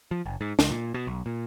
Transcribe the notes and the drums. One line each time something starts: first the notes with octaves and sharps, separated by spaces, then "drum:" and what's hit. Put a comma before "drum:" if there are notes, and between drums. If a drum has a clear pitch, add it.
F3
F#1
G#2
C#2, drum: snare
A#2
B2
B1
A#2